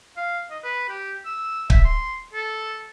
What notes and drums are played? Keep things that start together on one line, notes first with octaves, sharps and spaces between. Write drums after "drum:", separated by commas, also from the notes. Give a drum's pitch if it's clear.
F5
D#5
B4
G4
E6
E5, drum: kick
C6
A4